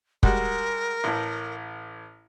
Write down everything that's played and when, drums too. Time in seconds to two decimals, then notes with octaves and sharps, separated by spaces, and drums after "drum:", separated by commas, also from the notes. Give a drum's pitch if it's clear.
0.23 G3 G#3 F#4 A#4, drum: kick
1.04 A1 A2